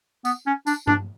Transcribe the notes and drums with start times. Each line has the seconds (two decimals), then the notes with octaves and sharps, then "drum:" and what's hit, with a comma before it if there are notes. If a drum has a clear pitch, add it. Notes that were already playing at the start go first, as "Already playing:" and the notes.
0.25 B3, drum: tambourine
0.46 C#4
0.67 D4, drum: tambourine
0.87 D4, drum: tom G2